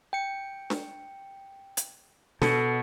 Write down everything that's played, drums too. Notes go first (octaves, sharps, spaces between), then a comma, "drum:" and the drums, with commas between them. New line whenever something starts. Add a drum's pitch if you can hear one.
G5 C#7
drum: snare D4
drum: hi-hat
B2 A4, drum: snare D4